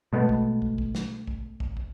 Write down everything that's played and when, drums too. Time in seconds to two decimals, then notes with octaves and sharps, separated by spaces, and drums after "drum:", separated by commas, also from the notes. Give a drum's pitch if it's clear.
0.13 B2 G#3 A3 B3
0.29 drum: kick
0.62 drum: kick
0.78 drum: kick
0.95 drum: snare
1.27 drum: kick
1.60 drum: kick
1.77 drum: kick